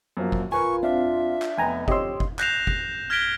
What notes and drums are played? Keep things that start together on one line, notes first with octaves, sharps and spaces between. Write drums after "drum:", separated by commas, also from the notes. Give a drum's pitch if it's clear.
F#2 F3 A#3
drum: kick F#1
F4 A#4 B4 G#5 C#6
C4 D4 E5 F5
drum: clap
F1 B3 G5 G#5 A#5
D3 F3 C4 G4 C#5 D#5 C6 E6, drum: kick F#1
drum: kick F#1
F#6 G6 A#6 C7 E7 F7, drum: clap
drum: kick F#1
F6 G#6 A#6 B6 D7 G7